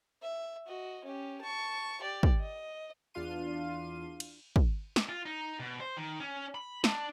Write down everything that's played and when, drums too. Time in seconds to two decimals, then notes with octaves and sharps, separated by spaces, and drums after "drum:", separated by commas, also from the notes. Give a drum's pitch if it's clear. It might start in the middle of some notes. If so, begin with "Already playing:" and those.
0.22 E5
0.67 F#4 D#5
1.04 C#4 G4
1.41 A5 C#6
2.01 G4 D5
2.23 drum: kick
2.40 D#5
3.14 E2 D4 F4 F5 C6 D#7
4.20 drum: cymbal
4.56 drum: kick
4.96 drum: snare
5.09 F4
5.26 D#4
5.60 B2
5.80 C5
5.97 D#3
6.20 C#4
6.55 B5
6.84 D4, drum: snare